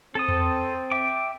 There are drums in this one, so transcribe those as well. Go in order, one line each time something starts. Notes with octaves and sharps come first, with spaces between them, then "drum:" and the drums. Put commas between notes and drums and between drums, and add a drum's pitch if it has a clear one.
C4 A4 A5 D#6
drum: tom E2
E5 G5 D6